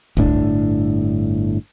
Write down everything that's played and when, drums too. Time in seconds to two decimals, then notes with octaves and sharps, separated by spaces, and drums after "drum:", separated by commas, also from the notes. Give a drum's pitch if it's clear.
0.17 G1 A2 C#4 D4, drum: kick